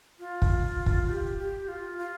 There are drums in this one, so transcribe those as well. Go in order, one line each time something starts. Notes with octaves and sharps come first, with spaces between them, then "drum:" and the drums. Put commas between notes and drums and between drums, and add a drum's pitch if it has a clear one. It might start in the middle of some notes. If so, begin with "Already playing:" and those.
F4
drum: kick
drum: kick
G4
G4
F4
F4